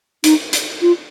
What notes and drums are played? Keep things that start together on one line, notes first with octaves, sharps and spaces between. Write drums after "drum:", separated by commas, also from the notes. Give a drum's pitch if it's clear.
D#4, drum: hi-hat
drum: hi-hat
F4